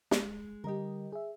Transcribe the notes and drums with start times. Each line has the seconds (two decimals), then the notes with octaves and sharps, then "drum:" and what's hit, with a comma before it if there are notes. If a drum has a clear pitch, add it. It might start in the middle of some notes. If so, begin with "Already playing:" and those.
0.11 G#3, drum: snare
0.64 D3 G3 G4 A#4 D#5
1.12 G#4 E5